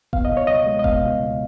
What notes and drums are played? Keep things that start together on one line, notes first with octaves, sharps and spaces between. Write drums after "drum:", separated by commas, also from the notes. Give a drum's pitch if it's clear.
B3 F5, drum: kick E1
D#5
B2
C#5
C#2 D#5
G#3
D#5
B3 F5, drum: kick E1
B2
C#2